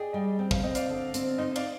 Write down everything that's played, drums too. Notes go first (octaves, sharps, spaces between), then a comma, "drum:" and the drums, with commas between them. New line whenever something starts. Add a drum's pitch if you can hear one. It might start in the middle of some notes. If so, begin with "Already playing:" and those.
Already playing: G#4 D5 D#5 G5
G3 D#5 G5
C4 G5
F5, drum: kick
C4 D#5
D5 F5, drum: hi-hat
D3
C4, drum: hi-hat
D#4 C5 D#5
D5 F5, drum: cymbal